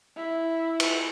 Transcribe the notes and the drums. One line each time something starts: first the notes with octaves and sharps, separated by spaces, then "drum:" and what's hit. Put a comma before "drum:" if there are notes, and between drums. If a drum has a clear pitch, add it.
E4
drum: cymbal